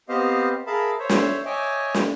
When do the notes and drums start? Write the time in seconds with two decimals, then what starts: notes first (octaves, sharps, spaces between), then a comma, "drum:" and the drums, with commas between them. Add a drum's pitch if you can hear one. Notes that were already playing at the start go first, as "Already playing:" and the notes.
0.09 B3 C4 G4 C5 D#5 F5
0.67 G#4 A#4 E5 F5 A5 B5
0.99 C5 C#5 E5
1.09 drum: snare
1.46 C#5 D#5 E5 G5 G#5 D6
1.94 drum: snare